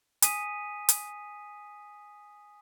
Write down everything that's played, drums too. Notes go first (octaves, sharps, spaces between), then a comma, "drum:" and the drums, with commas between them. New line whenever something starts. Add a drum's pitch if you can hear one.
G#5 D#6 B6 D#7, drum: hi-hat
drum: hi-hat